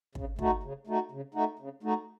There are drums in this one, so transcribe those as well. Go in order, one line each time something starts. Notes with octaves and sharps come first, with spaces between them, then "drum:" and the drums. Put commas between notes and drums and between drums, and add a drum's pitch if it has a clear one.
C#3, drum: kick
A3 D#4 F#4, drum: kick
C#3
A3 D#4 F#4
C#3
A3 D#4 F#4
C#3
A3 D#4 F#4